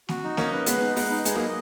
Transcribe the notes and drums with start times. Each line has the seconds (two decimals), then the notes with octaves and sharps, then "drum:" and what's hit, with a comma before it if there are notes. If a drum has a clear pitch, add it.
0.09 F#4, drum: snare A#3
0.24 D#4
0.37 A#3 C#4 D#5, drum: snare A#3
0.52 B4
0.66 G#3 B3 B4, drum: hi-hat
0.81 D#4
0.96 G#3 B3 B4, drum: open hi-hat
1.11 D#4
1.25 G#3 B3 G#4, drum: hi-hat
1.35 F#3 A#3
1.40 D#5